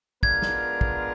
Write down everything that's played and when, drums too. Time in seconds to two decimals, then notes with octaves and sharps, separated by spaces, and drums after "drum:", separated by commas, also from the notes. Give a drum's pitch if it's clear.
0.23 G#3 B3 D4 F4 A#4 G#6, drum: kick
0.42 drum: snare
0.81 drum: kick